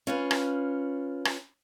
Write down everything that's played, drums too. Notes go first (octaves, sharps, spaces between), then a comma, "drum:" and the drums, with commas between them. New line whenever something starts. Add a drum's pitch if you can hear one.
C#4 F4 B4
drum: rim click
drum: rim click